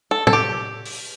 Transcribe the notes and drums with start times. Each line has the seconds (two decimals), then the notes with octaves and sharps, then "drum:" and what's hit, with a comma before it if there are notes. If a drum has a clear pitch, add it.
0.11 A4
0.27 A4, drum: tom
0.33 G4
0.85 drum: open hi-hat